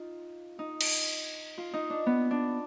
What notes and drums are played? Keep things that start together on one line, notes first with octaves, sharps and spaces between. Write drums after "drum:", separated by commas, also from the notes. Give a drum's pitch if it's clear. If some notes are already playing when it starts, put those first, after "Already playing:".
Already playing: D#4 F4
D#4
drum: cymbal
F4
D#4
D4
B3
D4